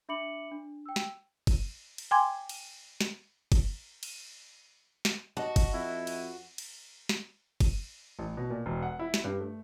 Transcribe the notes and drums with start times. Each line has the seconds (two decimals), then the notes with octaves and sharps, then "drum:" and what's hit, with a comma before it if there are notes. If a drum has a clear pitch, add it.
0.09 D4 E5 B5 D6 C#7 F#7
0.51 D4
0.86 G5 E6
0.96 drum: snare
1.47 drum: kick G1, cymbal
1.98 drum: cymbal
2.11 G5 G#5 C6 D6 G#6
2.49 drum: cymbal
3.01 drum: snare
3.52 drum: kick G1, cymbal
4.03 drum: cymbal
5.05 drum: snare
5.37 F#4 D#5 A5
5.56 drum: kick G1, cymbal
5.74 F2 E4
6.07 drum: cymbal
6.58 drum: cymbal
7.09 drum: snare
7.60 drum: kick G1, cymbal
8.19 A1
8.37 B2
8.50 A#2
8.66 E1
8.82 F#5
8.99 E4
9.14 drum: snare
9.24 G2
9.41 A3